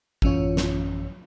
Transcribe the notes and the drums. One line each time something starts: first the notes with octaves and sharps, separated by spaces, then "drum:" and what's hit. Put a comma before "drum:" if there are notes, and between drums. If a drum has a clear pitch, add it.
A1 F#2 E3 C#4 F4 C#5, drum: kick G#1
drum: snare